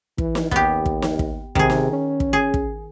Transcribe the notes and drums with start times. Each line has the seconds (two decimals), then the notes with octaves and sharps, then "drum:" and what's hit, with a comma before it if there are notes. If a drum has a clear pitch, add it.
0.18 E3, drum: kick
0.35 drum: snare
0.51 D#2 B3 G4, drum: kick
0.86 drum: kick
1.02 drum: snare
1.19 drum: kick
1.55 C3 D#3 G#4, drum: kick
1.70 drum: snare
1.93 C#4
2.20 drum: kick
2.33 G#4
2.54 drum: kick